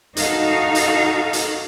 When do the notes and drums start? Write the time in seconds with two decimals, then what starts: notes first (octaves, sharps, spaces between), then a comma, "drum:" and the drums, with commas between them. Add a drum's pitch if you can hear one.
0.17 D#4 F#4 A4 F5, drum: hi-hat
0.75 drum: hi-hat
1.33 drum: hi-hat